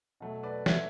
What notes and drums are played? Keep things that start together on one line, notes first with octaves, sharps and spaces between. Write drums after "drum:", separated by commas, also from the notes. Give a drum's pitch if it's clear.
B2 F#3 A3
B4 D5
C#5 E5, drum: snare